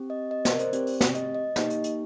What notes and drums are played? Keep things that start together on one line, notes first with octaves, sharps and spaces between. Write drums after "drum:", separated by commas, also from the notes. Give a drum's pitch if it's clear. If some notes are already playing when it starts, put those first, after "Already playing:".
Already playing: C4 G4
D#5
D#5
D5, drum: snare
A#4
C5, drum: hi-hat
C4 G4 D5, drum: hi-hat
drum: open hi-hat
drum: snare
D#5, drum: hi-hat
D#5
A#3 D#4 G4, drum: snare
drum: hi-hat
drum: hi-hat